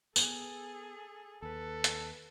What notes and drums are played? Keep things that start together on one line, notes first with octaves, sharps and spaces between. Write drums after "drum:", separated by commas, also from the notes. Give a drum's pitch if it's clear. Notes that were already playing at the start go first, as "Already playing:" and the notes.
B3 G#4 A4, drum: tambourine
D#2 A4 B4
drum: hi-hat